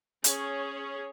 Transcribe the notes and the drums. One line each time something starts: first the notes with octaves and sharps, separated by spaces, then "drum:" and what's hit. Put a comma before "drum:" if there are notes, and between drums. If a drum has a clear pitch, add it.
C#4 G#4 C#5, drum: hi-hat